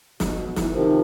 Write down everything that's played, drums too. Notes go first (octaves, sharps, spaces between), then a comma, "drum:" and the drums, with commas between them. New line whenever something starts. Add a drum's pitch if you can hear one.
B2, drum: snare
E3, drum: snare
C3 D#3 F3